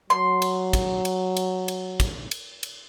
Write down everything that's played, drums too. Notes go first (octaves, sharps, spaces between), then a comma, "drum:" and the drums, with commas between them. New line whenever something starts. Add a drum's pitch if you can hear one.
F#3 C6
drum: cymbal
drum: kick, cymbal
drum: cymbal
drum: cymbal
drum: cymbal
drum: kick, cymbal
drum: cymbal
drum: cymbal